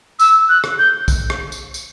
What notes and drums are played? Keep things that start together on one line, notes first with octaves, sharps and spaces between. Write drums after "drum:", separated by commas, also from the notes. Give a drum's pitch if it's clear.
E6, drum: tambourine
F#6
drum: rim click
G6
drum: kick A#1, tambourine
drum: rim click
drum: tambourine
drum: tambourine